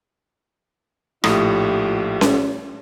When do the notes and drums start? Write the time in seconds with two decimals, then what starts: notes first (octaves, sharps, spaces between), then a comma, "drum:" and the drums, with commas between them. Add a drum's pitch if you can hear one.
1.24 A#1 A2 F4 G4 D#6, drum: rim click
2.21 drum: snare C#4